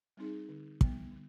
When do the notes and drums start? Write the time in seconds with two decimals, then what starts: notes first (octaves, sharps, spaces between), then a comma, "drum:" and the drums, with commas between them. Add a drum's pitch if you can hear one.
0.17 G3 C4 D#4 G#4
0.49 D3
0.81 G3 B3, drum: kick
1.12 D3